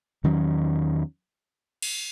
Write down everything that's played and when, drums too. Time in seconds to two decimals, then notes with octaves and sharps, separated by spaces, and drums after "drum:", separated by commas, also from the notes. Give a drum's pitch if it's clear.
0.24 E2 D#3 F#3 C#4
1.82 drum: cymbal